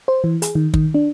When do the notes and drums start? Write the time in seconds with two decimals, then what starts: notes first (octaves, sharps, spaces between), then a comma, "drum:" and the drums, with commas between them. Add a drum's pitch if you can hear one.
0.08 C5
0.24 E3
0.42 G#4, drum: hi-hat
0.55 D#3
0.74 D#3, drum: kick
0.94 D4